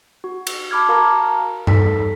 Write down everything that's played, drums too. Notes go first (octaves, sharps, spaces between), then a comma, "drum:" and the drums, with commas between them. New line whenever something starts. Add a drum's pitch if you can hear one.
F#4
drum: cymbal
A5 B5 D6 F6 G#6
F#4 A#4 F5 A5 A#5
D#4 A4 B6, drum: tom G2